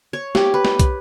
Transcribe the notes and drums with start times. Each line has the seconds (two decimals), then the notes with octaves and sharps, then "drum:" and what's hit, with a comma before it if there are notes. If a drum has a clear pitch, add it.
0.13 C#5
0.35 G4, drum: snare
0.54 B4
0.65 drum: snare
0.79 drum: kick, hi-hat